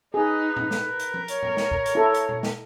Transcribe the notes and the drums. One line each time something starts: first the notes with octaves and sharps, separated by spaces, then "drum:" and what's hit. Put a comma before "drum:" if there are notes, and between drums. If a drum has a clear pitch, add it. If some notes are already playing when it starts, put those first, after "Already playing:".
D#4 G#4 B4
drum: tom A2
drum: snare
A#4
drum: hi-hat
drum: tom F3
C#5, drum: hi-hat
drum: tom A2
drum: snare
drum: kick
drum: hi-hat
E4 A4
drum: hi-hat
drum: tom A#2
drum: snare